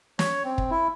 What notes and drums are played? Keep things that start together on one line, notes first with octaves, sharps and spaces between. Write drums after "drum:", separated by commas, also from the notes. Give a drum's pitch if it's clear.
C#5, drum: snare
C4
drum: kick
E4